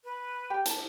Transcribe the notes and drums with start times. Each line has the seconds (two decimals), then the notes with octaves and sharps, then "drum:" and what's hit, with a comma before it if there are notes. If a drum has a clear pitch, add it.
0.04 B4
0.50 G4 G5
0.66 A5, drum: hi-hat